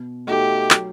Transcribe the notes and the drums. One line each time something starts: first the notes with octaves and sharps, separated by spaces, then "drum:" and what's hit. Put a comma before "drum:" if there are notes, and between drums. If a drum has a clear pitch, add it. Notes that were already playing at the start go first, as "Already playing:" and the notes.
Already playing: B2
A3 D#4 F#4 G4 A4
F#3, drum: clap